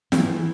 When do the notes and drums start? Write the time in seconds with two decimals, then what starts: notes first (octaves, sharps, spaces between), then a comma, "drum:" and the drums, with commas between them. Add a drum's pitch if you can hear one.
0.12 E3, drum: snare